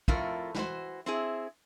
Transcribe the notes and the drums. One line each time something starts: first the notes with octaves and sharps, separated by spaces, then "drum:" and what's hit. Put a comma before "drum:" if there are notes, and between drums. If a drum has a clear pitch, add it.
F2 A2 A3 F4 A#4, drum: kick
E3 F#4 C5, drum: snare
C4 E4 G#4